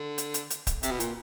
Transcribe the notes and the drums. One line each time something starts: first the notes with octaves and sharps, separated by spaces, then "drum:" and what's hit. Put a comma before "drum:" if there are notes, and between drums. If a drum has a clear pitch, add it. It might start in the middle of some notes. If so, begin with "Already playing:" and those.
Already playing: D3
drum: hi-hat
drum: hi-hat
drum: hi-hat
drum: kick C#1, hi-hat
C3, drum: hi-hat
B2
A#2, drum: hi-hat